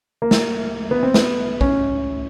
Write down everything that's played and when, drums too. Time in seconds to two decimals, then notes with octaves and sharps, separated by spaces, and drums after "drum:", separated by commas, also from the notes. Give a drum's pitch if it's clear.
0.22 A#3
0.31 drum: snare
0.91 B3
1.03 C4
1.14 B3, drum: snare
1.61 C#4, drum: kick